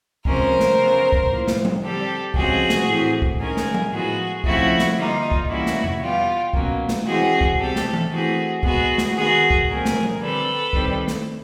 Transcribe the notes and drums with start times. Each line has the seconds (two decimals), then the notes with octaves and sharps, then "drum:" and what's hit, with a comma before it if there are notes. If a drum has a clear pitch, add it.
0.25 C3 F3 G#3 C#4 A#4 C5, drum: kick
0.60 drum: snare
0.77 C#3 F#3 B3
1.12 drum: kick
1.30 A2 F3 A#3
1.47 drum: snare
1.65 drum: tom F3
1.82 D3 G3 C4 G4 A4
2.34 C#3 F3 G#3 C4 F#4 G#4, drum: kick
2.70 drum: snare
2.88 A2 E3 A3 C4
3.22 drum: kick
3.40 D#3 G#3 C#4 G#4 A#4
3.57 drum: snare
3.74 drum: tom F3
3.91 A2 F3 G#3 B3 F#4 G#4
4.44 C#3 F3 A3 C4 E4 F#4, drum: kick
4.79 drum: snare
4.96 D3 G3 A#3 D#4 F4
5.31 drum: kick
5.49 E3 G3 A#3 C#4 E4 F#4
5.66 drum: snare
5.84 drum: tom E2
6.01 B2 G3 B3 F4 G4
6.53 B2 F#3 A#3 C#4, drum: kick
6.89 drum: snare
7.06 E3 G#3 C4 F#4 G#4
7.41 drum: kick
7.59 B2 G3 C4 G4 A4
7.76 drum: snare
7.93 drum: tom E3
8.11 E3 A3 C4 F#4 G#4
8.63 B2 G#3 B3 F#4 G#4, drum: kick
8.98 drum: snare
9.15 D#3 G#3 B3 F#4 G#4
9.50 drum: kick
9.67 A#2 F#3 A3 C4 G#4 A#4
9.85 drum: snare
10.03 drum: tom F3
10.21 D3 G3 C4 A4 B4
10.73 D#3 G3 C4, drum: kick
11.08 drum: snare